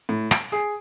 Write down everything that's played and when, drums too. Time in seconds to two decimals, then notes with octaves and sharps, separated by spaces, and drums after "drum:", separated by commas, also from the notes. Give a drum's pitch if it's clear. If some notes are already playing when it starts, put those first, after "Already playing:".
0.09 A2
0.31 D7, drum: rim click
0.52 G#4